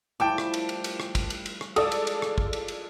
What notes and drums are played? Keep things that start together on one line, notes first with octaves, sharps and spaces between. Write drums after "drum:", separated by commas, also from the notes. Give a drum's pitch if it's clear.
A2 F3 G3 E4 G5 A5 D6
drum: rim click
drum: cymbal
drum: cymbal
drum: cymbal
drum: rim click
drum: kick, cymbal
drum: cymbal
drum: cymbal
drum: rim click
G#3 F4 G#4 A4 D5 D#6, drum: cymbal
drum: cymbal
drum: cymbal
drum: rim click
drum: kick
drum: cymbal
drum: cymbal